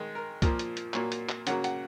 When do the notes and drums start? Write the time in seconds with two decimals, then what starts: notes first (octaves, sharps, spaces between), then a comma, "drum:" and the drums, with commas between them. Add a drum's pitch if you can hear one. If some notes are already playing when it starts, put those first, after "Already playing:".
Already playing: D#3 G#3
0.15 A#4
0.42 A#2 F3 A#3, drum: kick, hi-hat
0.59 drum: hi-hat
0.77 drum: hi-hat
0.94 A#2 F#3 A#3, drum: clap
1.12 drum: hi-hat
1.29 drum: clap
1.47 C#3 F#3 A#3 F#5, drum: hi-hat
1.64 F#5, drum: hi-hat